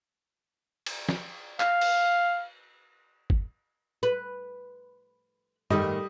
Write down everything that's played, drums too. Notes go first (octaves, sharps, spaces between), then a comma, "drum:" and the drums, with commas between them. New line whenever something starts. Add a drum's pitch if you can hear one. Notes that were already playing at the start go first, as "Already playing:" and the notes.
drum: cymbal
drum: snare
F5, drum: clap
drum: cymbal
drum: kick
B4
G#2 D#3 G3 A3 D#5, drum: tom F#2